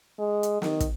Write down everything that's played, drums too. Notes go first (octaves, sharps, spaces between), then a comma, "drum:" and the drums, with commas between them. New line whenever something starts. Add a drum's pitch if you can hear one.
G#3
drum: hi-hat
D#3, drum: snare
drum: kick, hi-hat